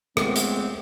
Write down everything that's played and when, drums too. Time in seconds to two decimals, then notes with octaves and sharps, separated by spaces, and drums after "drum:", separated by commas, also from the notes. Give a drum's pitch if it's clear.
0.17 C#3 F3 G#3 A3 B3 C4, drum: rim click
0.36 drum: hi-hat